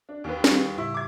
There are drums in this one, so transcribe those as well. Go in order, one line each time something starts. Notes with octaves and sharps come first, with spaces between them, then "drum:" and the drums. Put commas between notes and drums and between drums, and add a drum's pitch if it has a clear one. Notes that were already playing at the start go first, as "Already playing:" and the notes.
D4
D#2 B4
G3 G4, drum: snare
A2 C#3 E4
D6 G#6